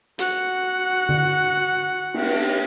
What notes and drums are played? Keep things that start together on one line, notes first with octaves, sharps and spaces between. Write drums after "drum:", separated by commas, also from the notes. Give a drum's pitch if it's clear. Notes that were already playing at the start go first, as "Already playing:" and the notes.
F#4 F#5, drum: hi-hat
drum: tom D3
drum: cymbal